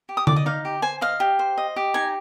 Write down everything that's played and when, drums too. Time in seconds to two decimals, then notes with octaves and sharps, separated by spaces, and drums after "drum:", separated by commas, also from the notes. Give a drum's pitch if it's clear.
0.09 G4
0.17 D#6
0.27 D5 D6, drum: tom D3
0.36 D#5
0.46 D#4 F5
0.65 G4
0.82 C5 G#5
1.01 D#5 F5
1.20 G4
1.39 C5
1.57 D#5
1.76 G4
1.94 D#4 G#5